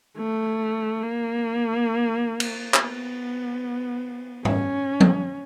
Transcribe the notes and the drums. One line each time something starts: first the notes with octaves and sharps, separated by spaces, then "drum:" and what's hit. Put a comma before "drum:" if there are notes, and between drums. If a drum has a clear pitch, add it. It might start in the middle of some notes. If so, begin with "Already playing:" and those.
A3
A#3
drum: cymbal
B3, drum: clap
C#4, drum: tom G#2
drum: tom F3